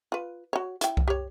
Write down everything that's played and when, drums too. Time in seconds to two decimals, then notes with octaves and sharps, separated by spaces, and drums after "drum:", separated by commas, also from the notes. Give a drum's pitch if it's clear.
0.12 F4 B4
0.53 F#4 C#5
0.81 E4 G5, drum: hi-hat
0.97 drum: kick C2
1.08 G4 C#5